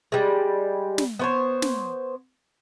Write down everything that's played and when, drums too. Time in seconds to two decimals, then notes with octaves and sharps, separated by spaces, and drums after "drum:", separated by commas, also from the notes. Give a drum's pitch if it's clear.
0.12 G3 G#3
0.98 drum: snare
1.19 B3 C5 C#5
1.62 drum: snare